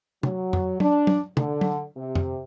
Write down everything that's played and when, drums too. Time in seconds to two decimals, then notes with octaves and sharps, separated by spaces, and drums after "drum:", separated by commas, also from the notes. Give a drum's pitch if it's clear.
0.23 F#3, drum: tom
0.53 drum: tom F2
0.80 D4, drum: tom
1.07 drum: tom
1.37 D3, drum: tom
1.61 drum: tom
1.96 C3
2.15 drum: tom F2